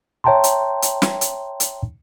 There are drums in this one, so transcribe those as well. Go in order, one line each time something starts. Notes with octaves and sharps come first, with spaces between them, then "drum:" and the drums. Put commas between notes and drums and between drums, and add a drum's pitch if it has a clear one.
C#5 E5 G5 A5 A#5 C6
drum: hi-hat
drum: hi-hat
drum: snare
drum: hi-hat
drum: hi-hat